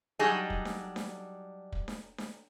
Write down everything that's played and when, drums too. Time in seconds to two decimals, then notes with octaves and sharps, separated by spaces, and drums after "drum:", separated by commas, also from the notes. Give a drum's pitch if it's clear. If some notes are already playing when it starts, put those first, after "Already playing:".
0.19 F#3 G3 D4 D#4 G#4 D#5
0.50 drum: kick
0.65 drum: snare D4
0.96 drum: snare D4
1.72 drum: kick
1.88 drum: snare D4
2.18 drum: snare D4